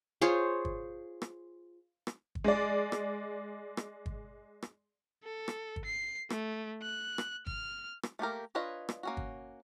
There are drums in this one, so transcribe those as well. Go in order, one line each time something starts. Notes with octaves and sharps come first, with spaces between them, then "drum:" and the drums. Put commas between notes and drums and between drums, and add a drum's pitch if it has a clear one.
F4 G#4 C5 C#5
drum: kick
drum: rim click
drum: rim click
drum: kick
G#3 D5
drum: rim click
drum: rim click
drum: kick
drum: rim click
A4
drum: rim click
drum: kick
C7
A3, drum: rim click
F#6
drum: rim click
F6, drum: kick
drum: rim click
A3 A#3 G4 A#4
D4 F4 B4 C#5 D#5
drum: rim click
A#3 C#4 F#4
drum: kick